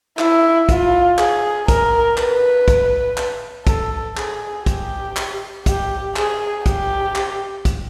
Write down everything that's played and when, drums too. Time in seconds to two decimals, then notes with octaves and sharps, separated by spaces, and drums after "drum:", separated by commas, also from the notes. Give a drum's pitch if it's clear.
0.19 E4, drum: clap
0.69 F4, drum: kick, hi-hat
1.18 G#4, drum: clap
1.68 A#4, drum: kick, hi-hat
2.17 B4, drum: clap
2.68 drum: kick, hi-hat
3.17 drum: clap
3.67 A4, drum: kick, hi-hat
4.17 G#4, drum: clap
4.66 G4, drum: kick, hi-hat
5.16 drum: clap
5.66 G4, drum: kick, hi-hat
6.16 G#4, drum: clap
6.66 G4, drum: kick, hi-hat
7.15 drum: clap
7.65 drum: kick, hi-hat